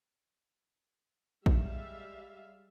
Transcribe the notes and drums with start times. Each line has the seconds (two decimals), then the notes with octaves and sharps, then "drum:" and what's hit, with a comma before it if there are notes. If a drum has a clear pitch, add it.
1.46 G3 G#3 E5 F5, drum: kick A#1